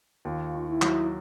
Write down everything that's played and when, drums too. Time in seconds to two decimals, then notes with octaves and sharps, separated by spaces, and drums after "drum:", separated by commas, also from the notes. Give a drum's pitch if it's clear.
0.25 D#2 F4
0.55 D#3
0.69 E4
0.82 F#3, drum: clap